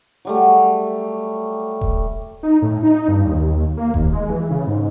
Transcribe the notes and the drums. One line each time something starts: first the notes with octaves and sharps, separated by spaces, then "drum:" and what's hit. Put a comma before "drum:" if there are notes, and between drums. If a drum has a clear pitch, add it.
F#3 G3 A3
drum: kick D#1
D#4
A2
D#4
G2
D#2
A#3
D#2, drum: kick D#1
G#3
E3
C#3
G#2